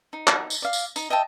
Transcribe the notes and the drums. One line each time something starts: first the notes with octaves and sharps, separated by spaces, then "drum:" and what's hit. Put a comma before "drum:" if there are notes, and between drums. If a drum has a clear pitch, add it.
D#4
drum: clap
drum: tambourine
D5 F5
drum: tambourine
D#4, drum: tambourine
D#5 E5 G5 A5